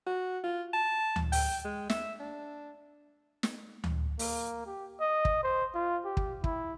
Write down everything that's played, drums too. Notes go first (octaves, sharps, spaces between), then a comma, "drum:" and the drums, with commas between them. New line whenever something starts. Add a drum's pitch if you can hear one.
F#4
F4
A5
drum: tom D2
G5, drum: open hi-hat
G#3
E5, drum: snare
D4
drum: snare
drum: tom D2
A#3, drum: open hi-hat
G4
D#5
drum: kick
C5
F4
G4
drum: kick
E4, drum: kick